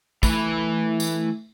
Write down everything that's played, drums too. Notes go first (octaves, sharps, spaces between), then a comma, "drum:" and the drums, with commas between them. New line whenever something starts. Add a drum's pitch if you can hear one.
E3 A3 B4, drum: kick, tambourine
drum: tambourine